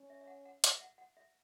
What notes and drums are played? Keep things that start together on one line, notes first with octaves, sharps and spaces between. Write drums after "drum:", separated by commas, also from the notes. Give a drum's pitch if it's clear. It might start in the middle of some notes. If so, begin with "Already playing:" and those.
Already playing: C#4
E5
E5
F#5
F#5
E5, drum: hi-hat
E5
F#5
F#5
E5